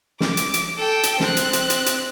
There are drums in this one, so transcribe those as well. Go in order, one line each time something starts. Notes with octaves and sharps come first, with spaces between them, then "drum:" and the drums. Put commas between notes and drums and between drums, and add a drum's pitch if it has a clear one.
D6, drum: snare
drum: hi-hat
drum: hi-hat
A4 G5
drum: hi-hat
C4 F#6, drum: snare
drum: hi-hat
drum: hi-hat
drum: hi-hat
drum: hi-hat